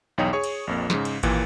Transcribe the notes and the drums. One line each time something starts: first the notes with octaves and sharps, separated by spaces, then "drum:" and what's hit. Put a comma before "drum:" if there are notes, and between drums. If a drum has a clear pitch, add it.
B1 E2 D#4 C#5 G5 D#6
G#4 C#5 C#6
drum: cymbal
A#1 F2 A#3
G#2 C#3, drum: snare
drum: cymbal
D#2 A#2 E3, drum: kick, cymbal